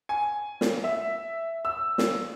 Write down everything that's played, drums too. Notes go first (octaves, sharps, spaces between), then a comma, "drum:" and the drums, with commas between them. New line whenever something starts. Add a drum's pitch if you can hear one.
G#5
drum: snare
E5
E6
drum: snare